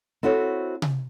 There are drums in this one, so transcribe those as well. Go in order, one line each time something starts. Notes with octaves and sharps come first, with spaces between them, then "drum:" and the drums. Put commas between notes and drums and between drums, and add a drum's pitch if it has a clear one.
C4 E4 F#4 A4 C#5
drum: tom C3